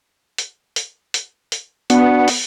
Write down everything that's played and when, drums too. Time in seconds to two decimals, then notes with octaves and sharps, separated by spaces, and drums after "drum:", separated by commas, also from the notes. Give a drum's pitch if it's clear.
0.38 drum: hi-hat
0.76 drum: hi-hat
1.14 drum: hi-hat
1.52 drum: hi-hat
1.90 B3 D4 F#4 F#5, drum: hi-hat
2.28 drum: open hi-hat